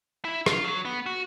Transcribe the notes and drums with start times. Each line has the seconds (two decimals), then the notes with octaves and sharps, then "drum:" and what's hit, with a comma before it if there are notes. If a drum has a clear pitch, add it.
0.25 E4
0.46 F4, drum: rim click
0.64 F#3
0.85 B3
1.06 F#4